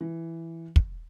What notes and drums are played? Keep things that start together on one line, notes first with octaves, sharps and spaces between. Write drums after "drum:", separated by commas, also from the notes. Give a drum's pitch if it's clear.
E3
drum: kick